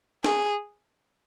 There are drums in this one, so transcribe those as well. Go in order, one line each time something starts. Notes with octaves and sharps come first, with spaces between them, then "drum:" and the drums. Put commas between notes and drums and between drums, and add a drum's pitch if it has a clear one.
G#4, drum: snare